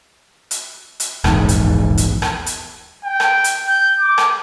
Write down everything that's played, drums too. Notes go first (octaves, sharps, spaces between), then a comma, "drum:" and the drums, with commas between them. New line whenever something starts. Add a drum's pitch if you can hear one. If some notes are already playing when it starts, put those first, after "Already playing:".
drum: hi-hat
drum: hi-hat
D#1 A#1 E2 G#2, drum: rim click
drum: hi-hat
drum: hi-hat
drum: rim click
drum: hi-hat
G5
drum: rim click
drum: hi-hat
G6
D6
drum: rim click